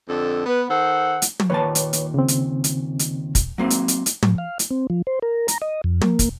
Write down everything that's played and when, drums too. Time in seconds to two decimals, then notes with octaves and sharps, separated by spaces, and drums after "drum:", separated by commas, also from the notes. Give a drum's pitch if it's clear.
0.08 F2 D3 A4
0.46 B3 B4
0.70 D#3 A4 C5 F#5
1.22 drum: hi-hat
1.40 drum: tom
1.50 D#2 A#2 B4 C#5 A5
1.75 drum: hi-hat
1.93 drum: hi-hat
2.14 C#3 C4
2.28 drum: hi-hat
2.64 drum: hi-hat
2.99 drum: hi-hat
3.35 drum: kick, hi-hat
3.58 F#3 A#3 C4
3.70 drum: hi-hat
3.88 drum: hi-hat
4.06 drum: hi-hat
4.23 A2, drum: tom
4.38 F5
4.59 drum: hi-hat
4.71 C4
4.90 F3
5.07 C5
5.22 A#4
5.48 A#5, drum: hi-hat
5.62 D#5
5.84 F2
6.01 A#3, drum: tom
6.19 drum: kick, hi-hat